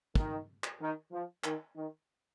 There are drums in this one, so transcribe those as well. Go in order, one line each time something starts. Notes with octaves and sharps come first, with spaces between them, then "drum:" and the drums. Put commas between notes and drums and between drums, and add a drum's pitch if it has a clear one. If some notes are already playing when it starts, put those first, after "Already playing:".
D#3, drum: kick
drum: clap
D#3
F3
D#3, drum: clap
D#3